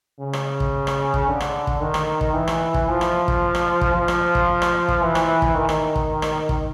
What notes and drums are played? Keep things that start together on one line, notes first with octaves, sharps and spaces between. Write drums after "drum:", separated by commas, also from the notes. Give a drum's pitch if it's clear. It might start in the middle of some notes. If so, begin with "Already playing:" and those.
C#3
drum: rim click
drum: kick
drum: rim click
drum: kick
D3
drum: rim click
drum: kick
D#3
drum: rim click
drum: kick
E3
drum: rim click
drum: kick
F3
drum: rim click
drum: kick
drum: rim click
drum: kick
F3
drum: rim click
drum: kick
drum: rim click
drum: kick
E3
drum: rim click
drum: kick
D#3
drum: rim click
drum: kick
drum: rim click
drum: kick